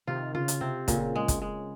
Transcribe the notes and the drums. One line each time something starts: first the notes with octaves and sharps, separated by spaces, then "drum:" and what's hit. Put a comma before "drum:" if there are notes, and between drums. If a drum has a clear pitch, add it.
C3 D#3 F4
C#3 F4
drum: hi-hat
C3 C4
A#2 C#3, drum: kick, hi-hat
G#3
drum: kick, hi-hat
G#3